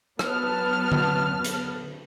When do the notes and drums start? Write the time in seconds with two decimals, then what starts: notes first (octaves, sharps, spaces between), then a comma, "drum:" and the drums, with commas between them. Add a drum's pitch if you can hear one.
0.19 F#3 B3 A5 F6, drum: rim click
0.92 drum: tom D3
1.44 drum: hi-hat